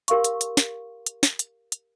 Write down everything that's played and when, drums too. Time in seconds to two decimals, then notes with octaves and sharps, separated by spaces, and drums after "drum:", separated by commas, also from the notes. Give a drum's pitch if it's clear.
0.08 G4 A#4 F5 C6 C#6, drum: hi-hat
0.24 drum: hi-hat
0.41 drum: hi-hat
0.57 drum: snare
1.06 drum: hi-hat
1.23 drum: snare
1.39 drum: hi-hat
1.72 drum: hi-hat